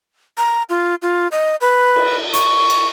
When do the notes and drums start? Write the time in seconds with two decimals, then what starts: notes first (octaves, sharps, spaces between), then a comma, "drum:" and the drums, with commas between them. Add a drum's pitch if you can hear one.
0.37 A#5
0.69 F4
1.02 F4
1.32 D#5
1.61 B4
1.96 drum: cymbal
2.34 C#6, drum: hi-hat
2.70 drum: cymbal